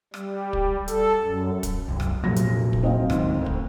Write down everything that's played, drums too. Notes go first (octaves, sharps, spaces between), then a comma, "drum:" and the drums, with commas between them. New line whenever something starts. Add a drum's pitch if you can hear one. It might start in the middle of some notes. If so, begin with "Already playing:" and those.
G3, drum: rim click
drum: kick
A4, drum: hi-hat
F#2
drum: kick, hi-hat
C2 F#2
drum: rim click
F1 A#2 F#3 A#6
drum: hi-hat
drum: kick
C4 D#5 F5
C#2 G#2 D#3, drum: rim click
D2
drum: kick